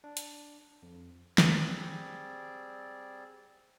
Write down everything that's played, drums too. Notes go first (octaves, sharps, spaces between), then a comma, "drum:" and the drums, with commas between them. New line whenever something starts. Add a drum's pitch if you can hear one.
D4
drum: hi-hat
F2
G3 C4 G#4 D5, drum: snare